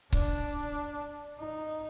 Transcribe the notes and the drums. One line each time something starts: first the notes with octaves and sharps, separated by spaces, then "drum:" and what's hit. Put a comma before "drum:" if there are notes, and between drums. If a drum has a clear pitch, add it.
D4, drum: kick C#1
D#4